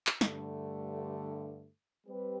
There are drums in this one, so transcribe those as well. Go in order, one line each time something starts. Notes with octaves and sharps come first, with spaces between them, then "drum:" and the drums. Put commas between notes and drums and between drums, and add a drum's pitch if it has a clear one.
drum: clap
G2 D3 A3, drum: snare
G3 C4 G4 B4